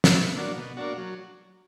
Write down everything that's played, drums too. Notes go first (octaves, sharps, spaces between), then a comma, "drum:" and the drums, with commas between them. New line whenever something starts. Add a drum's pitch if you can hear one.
drum: snare
B2
A#3 D4 F#4
B2
A#3 D4 F#4
F#3